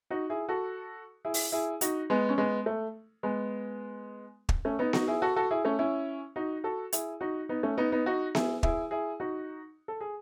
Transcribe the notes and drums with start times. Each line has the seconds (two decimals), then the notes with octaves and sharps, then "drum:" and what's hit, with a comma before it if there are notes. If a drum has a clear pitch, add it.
0.10 D#4 F#4
0.30 E4 G#4
0.49 F#4 A4
1.25 E4 G#4
1.34 drum: open hi-hat
1.52 E4 G#4
1.81 D#4 F#4, drum: hi-hat
2.10 G#3 B3
2.29 C#4
2.38 G#3 B3
2.66 A3
3.23 G#3 B3
4.49 drum: kick
4.65 A3 C#4
4.79 B3 D#4
4.93 D#4 F#4, drum: snare B3
5.08 E4 G#4
5.22 F#4 A4
5.36 F#4 A4
5.51 E4 G#4
5.65 A3 C#4
5.79 C#4 E4
6.36 D#4 F#4
6.64 F#4 A4
6.93 E4 G#4, drum: hi-hat
7.21 D#4 F#4
7.49 B3 D#4
7.63 A3 C#4
7.77 B3 D#4
7.92 B3 D#4
8.06 D#4 F#4
8.35 E4 G#4, drum: snare B3
8.63 E4 G#4, drum: kick
8.91 E4 G#4
9.20 D#4 F#4
9.88 A4
10.01 G#4